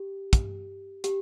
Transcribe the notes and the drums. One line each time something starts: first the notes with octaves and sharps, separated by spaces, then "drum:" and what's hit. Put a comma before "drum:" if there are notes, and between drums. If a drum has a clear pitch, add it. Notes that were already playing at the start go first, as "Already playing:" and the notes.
Already playing: G4
drum: kick, hi-hat
G4, drum: hi-hat